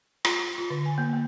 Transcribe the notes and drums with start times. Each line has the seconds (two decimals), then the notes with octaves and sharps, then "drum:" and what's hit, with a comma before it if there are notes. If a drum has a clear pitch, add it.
0.25 F4, drum: rim click
0.58 F4
0.70 D3
0.86 G#5
0.98 A#3
1.13 A#3